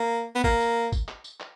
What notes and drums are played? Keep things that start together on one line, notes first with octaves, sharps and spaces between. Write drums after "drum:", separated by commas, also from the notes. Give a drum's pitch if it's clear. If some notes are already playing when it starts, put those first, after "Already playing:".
Already playing: A#3
B3
A#3, drum: kick G1
drum: tambourine
drum: kick G1, tambourine
drum: clap
drum: tambourine
drum: clap